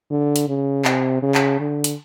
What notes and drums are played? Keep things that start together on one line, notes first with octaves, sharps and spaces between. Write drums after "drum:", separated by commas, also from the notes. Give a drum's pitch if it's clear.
D3
drum: hi-hat
C#3
C3, drum: clap
C#3
drum: clap
D3
drum: hi-hat